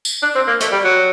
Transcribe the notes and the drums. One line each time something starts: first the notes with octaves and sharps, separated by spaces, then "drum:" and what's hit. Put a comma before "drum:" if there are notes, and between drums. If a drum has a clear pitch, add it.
drum: tambourine
D4
C4
A#3
A3, drum: hi-hat
G3
F#3